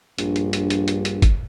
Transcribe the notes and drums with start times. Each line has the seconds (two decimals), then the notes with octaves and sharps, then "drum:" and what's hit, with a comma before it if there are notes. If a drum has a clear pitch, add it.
0.18 A#1 G2, drum: hi-hat
0.36 drum: hi-hat
0.53 drum: hi-hat
0.70 drum: hi-hat
0.88 drum: hi-hat
1.05 drum: hi-hat
1.22 drum: kick, hi-hat